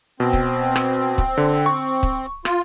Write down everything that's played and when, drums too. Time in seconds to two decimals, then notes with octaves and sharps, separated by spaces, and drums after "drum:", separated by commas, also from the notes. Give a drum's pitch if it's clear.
0.20 B2 C4
0.33 drum: kick C#1
0.76 drum: rim click
1.18 drum: kick C#1
1.37 D3
1.66 C#6
2.03 drum: kick C#1
2.45 F4, drum: rim click